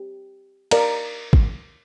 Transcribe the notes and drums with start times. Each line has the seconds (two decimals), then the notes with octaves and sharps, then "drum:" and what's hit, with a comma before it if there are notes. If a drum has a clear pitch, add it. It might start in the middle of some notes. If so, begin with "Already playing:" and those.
Already playing: G4
0.71 A#4 D5 F5 A#5, drum: cymbal
1.33 drum: kick G#1